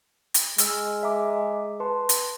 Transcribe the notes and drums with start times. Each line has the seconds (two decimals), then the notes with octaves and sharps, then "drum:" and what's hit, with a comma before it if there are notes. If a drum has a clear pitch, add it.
0.34 drum: hi-hat
0.58 G#3 E6 F6, drum: hi-hat
1.03 E5 A#5 D6
1.80 B4 A5 C6
2.09 drum: hi-hat